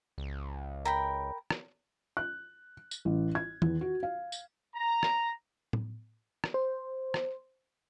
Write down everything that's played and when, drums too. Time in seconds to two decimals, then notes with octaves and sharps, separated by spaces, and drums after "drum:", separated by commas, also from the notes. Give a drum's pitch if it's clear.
0.18 C#2
0.85 A#4 G5 B5
1.50 drum: rim click
2.17 F#6
2.91 drum: tambourine
3.05 A1
3.35 G#6
3.62 E2, drum: tom D#3
3.81 F#4
4.03 F5
4.32 drum: tambourine
4.76 A#5
5.03 drum: rim click
5.73 drum: tom A2
6.44 drum: rim click
6.54 C5
7.14 drum: rim click